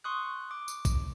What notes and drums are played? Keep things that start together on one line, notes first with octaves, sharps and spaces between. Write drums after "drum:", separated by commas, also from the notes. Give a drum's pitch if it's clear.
C6 C#6 D#6 F#6
D6
drum: tambourine
drum: kick A#1, tambourine